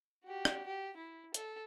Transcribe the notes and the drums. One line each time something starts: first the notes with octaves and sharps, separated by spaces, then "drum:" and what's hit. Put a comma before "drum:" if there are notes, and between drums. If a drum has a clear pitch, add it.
F#4 G4
drum: rim click
G4
E4
A4, drum: hi-hat